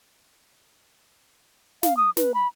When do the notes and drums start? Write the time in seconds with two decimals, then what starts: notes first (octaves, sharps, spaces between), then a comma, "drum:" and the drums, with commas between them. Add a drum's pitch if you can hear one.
1.83 F5, drum: snare
1.97 D#6
2.17 B4, drum: snare
2.34 B5